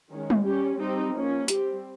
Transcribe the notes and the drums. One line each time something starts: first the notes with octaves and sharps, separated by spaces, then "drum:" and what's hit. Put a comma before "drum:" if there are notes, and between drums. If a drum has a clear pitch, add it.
D#3 G#3 C#4
drum: tom G3
G3 C#4 G4
G3 C4 D#4
F3 A#3 C#4
G3 C4 G4, drum: hi-hat